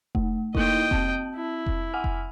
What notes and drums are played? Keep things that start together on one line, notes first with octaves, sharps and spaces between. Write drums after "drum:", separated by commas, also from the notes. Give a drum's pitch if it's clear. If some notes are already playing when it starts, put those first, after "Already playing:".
A3, drum: kick F1
A#3 D#4 E4 D#5 G5, drum: kick F1
C4 A5, drum: kick F1
E4
drum: kick F1
F#5 G#5 F6
drum: kick F1